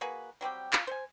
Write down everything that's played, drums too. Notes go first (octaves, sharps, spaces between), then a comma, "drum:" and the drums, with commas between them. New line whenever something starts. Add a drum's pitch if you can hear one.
A#3 F#4 G#4 B4
F#3 G3 C4 G4
F4, drum: clap
C5 G#5